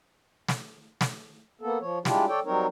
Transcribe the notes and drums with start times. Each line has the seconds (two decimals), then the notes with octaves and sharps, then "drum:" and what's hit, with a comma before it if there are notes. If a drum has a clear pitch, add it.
0.48 drum: snare
1.01 drum: snare
1.61 A#3 B3 A4
1.81 F3 C#5
2.05 G3 G#3 D4 E4 F4 G4, drum: snare
2.28 A4 C#5 D5 G5
2.45 F#3 G3 C4 D#4 A#4 C#5